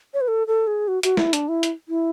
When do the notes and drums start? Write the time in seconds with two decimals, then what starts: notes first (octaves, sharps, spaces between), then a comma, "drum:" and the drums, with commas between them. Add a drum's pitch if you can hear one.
0.14 C#5
0.21 B4
0.28 A4
0.47 A4
0.67 G#4
0.88 F#4
1.03 F#4, drum: hi-hat
1.17 E4, drum: snare
1.33 D4, drum: hi-hat
1.48 E4
1.63 drum: hi-hat
1.88 E4